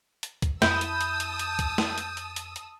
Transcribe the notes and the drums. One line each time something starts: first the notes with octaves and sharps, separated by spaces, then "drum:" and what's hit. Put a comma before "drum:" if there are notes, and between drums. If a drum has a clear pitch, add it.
drum: hi-hat
drum: kick, hi-hat
F2 E4 A5 D#6 E6 G6, drum: snare
drum: hi-hat
drum: hi-hat
drum: hi-hat
drum: hi-hat
drum: kick, hi-hat
drum: snare
drum: hi-hat
drum: hi-hat
drum: hi-hat
drum: hi-hat